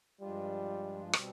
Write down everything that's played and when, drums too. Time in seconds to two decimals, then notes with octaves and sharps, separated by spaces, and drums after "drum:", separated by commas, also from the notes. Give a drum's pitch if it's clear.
0.21 G2 F3 G3 G#3 D4 F4
1.13 B2 G3 C4, drum: rim click